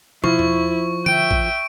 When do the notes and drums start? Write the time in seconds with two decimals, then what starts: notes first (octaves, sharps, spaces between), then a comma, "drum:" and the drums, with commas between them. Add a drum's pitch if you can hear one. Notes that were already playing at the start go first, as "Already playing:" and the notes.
0.24 F3 E4 C#6, drum: tom
0.39 drum: tom
1.06 E5 G5 D7, drum: tom D3
1.31 drum: kick